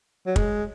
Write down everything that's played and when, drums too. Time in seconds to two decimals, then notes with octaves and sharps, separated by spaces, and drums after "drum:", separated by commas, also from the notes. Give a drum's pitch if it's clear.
0.26 F#3
0.36 G#3, drum: kick